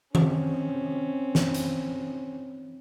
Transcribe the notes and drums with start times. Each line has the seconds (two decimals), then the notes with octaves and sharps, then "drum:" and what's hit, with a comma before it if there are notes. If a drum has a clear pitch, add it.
0.15 C4 C#4, drum: tom D#3
1.35 drum: snare
1.54 drum: hi-hat